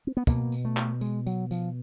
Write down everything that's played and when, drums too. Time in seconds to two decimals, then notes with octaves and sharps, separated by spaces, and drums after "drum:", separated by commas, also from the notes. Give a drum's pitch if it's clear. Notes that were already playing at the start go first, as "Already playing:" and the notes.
0.07 C4
0.17 B3
0.27 B2 A#3, drum: kick, tambourine
0.52 drum: tambourine
0.65 A3
0.77 drum: clap
1.01 G#3, drum: tambourine
1.26 F#3, drum: tambourine
1.51 F3, drum: tambourine